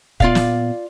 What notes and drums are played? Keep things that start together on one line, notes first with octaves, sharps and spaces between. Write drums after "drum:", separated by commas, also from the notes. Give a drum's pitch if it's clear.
A#2 B3 F4 D5 F5, drum: kick
drum: snare